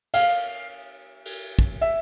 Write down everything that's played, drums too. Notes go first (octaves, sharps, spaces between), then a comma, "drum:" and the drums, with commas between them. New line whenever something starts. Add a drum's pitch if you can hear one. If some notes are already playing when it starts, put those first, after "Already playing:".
F5, drum: cymbal
drum: cymbal
drum: kick
E5, drum: hi-hat